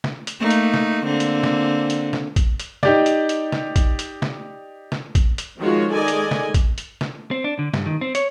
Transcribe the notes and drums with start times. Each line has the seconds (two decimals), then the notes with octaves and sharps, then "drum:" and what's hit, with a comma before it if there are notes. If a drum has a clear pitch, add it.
0.04 drum: snare
0.27 drum: hi-hat
0.40 A3 A#3 D#4
0.50 drum: hi-hat
0.74 drum: snare
1.05 D3 A#3 C4
1.20 drum: hi-hat
1.43 drum: snare
1.90 drum: hi-hat
2.13 drum: snare
2.36 drum: kick A1, hi-hat
2.60 drum: hi-hat
2.83 D#4 G4 D5, drum: snare
3.06 drum: hi-hat
3.29 drum: hi-hat
3.52 drum: snare
3.76 drum: kick A1, hi-hat
3.99 drum: hi-hat
4.22 drum: snare
4.92 drum: snare
5.15 drum: kick A1, hi-hat
5.38 drum: hi-hat
5.58 D#3 F3 G#3 F4 F#4 C#5
5.92 D#3 G#3 A4 D5 D#5 G#5
6.08 drum: hi-hat
6.31 drum: snare
6.54 drum: kick A1, hi-hat
6.78 drum: hi-hat
7.01 drum: snare
7.31 C4
7.44 D4
7.59 D3
7.74 G2, drum: snare
7.86 D#3
8.01 C4
8.15 C#5, drum: hi-hat